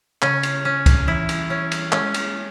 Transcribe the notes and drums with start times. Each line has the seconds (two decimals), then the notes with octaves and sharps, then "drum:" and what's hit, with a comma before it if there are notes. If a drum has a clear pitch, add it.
0.22 C#3 C#4, drum: clap
0.43 drum: cymbal
0.65 C#4
0.86 drum: kick C2, cymbal
1.07 E3 E4
1.29 drum: cymbal
1.50 C#4
1.72 drum: cymbal
1.92 G#3 C#4, drum: clap
2.14 drum: cymbal